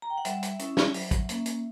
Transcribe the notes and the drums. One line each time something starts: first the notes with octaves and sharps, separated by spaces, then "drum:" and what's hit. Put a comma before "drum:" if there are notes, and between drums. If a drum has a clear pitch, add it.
A#5
G5
F#5
G3 E5, drum: hi-hat
drum: hi-hat
C#4 E4, drum: hi-hat
drum: snare
F#3, drum: open hi-hat
drum: kick, hi-hat
A#3 C#4, drum: hi-hat
drum: hi-hat